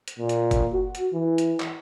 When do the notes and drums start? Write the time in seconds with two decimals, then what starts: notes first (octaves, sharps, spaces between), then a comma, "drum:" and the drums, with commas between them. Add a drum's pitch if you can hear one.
0.08 drum: hi-hat
0.19 A#2
0.29 drum: hi-hat
0.51 drum: kick F#1, hi-hat
0.73 F#4
0.95 drum: hi-hat
1.13 E3
1.38 drum: hi-hat
1.60 drum: clap